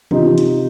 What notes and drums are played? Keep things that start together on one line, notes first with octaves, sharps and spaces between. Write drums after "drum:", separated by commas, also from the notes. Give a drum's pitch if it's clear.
C3 D#4 F4, drum: tom D#3
drum: hi-hat